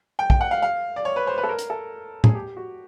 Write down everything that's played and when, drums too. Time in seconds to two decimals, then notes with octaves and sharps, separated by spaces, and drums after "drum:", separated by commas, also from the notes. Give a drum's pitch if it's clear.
0.19 G5
0.30 G5, drum: kick A#1
0.41 F#5
0.51 F5
0.62 F5
0.96 D5
1.05 C#5
1.16 B4
1.27 C5
1.38 B4
1.43 A4
1.49 A#4
1.59 drum: hi-hat
1.70 A4
2.24 G#4, drum: tom
2.35 G4
2.57 F#4